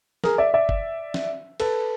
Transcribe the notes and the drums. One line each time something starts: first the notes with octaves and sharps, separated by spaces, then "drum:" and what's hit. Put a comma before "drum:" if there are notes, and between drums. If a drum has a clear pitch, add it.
G#4 A#4, drum: snare
D5 E5
D5 E5
drum: kick
drum: snare
A4 B4, drum: cymbal